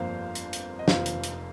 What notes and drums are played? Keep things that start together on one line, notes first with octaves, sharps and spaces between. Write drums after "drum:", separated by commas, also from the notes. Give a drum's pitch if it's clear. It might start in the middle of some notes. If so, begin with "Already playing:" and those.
Already playing: G1 F2 F3 A#3 C5 F5
drum: hi-hat
drum: hi-hat
D#5
F1 F2 F3 A#3 C5 F5, drum: snare
drum: hi-hat
drum: hi-hat